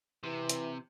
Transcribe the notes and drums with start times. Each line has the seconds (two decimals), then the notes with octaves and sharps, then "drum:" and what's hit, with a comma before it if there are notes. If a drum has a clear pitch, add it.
0.24 C3 E3
0.49 drum: hi-hat